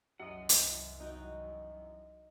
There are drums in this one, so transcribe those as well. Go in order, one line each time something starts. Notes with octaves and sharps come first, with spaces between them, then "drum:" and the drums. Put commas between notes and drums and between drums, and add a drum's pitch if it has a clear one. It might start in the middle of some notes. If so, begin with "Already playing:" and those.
C2 F#2 E3 F#3 D#5 F#5
drum: hi-hat
D#4 F#4 G5